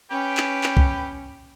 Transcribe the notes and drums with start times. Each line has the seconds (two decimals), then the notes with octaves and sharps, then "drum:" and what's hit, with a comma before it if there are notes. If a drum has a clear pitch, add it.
0.11 C#4 G4 B4 G5
0.37 drum: clap
0.64 drum: clap
0.77 drum: kick